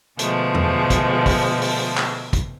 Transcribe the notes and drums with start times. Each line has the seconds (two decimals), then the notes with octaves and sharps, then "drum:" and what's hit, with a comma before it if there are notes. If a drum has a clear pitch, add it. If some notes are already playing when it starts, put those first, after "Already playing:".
0.19 B2 D3 F3 G#3 A3, drum: hi-hat
0.55 drum: tom E2
0.90 drum: kick, hi-hat
1.26 drum: kick, open hi-hat
1.62 drum: open hi-hat
1.97 drum: clap
2.33 drum: kick, hi-hat